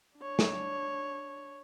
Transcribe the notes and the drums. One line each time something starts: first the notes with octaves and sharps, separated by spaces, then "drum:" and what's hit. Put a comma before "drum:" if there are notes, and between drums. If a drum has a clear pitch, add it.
D4 C#5
drum: snare